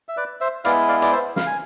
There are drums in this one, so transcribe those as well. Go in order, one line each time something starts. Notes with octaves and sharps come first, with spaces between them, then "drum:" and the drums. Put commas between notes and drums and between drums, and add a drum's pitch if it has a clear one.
E5
B4 D5
C5 E5
G#3 B3 E4 D5 F5, drum: hi-hat
D5 F5
D5, drum: hi-hat
C5 E5
F5, drum: snare
G#5